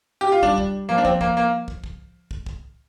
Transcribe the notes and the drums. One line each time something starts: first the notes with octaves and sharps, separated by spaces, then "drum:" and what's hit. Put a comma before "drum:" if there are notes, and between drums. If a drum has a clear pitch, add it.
G4
F4
G3 D4, drum: kick
drum: kick
F3 A#3
D4
C4, drum: kick
A#3, drum: kick
A#3
drum: kick
drum: kick
drum: kick
drum: kick